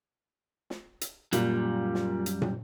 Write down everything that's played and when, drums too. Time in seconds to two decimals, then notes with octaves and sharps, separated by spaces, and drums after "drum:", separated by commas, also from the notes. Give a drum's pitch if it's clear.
0.70 drum: snare
1.01 drum: hi-hat
1.33 F#2 A#2 G3, drum: hi-hat
1.95 drum: snare
2.26 drum: hi-hat
2.42 drum: tom